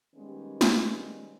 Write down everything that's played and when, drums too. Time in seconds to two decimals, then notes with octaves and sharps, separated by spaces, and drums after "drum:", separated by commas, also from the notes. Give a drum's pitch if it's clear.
0.15 D#3 G3 G#3 A#3 B3 C#4
0.61 drum: snare